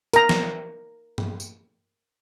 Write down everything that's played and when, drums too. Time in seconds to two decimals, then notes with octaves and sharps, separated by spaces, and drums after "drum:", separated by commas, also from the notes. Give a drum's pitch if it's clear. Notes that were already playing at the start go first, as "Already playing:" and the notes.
0.14 A#4 A#5, drum: hi-hat
0.29 drum: snare
1.18 drum: tom G2
1.40 drum: tambourine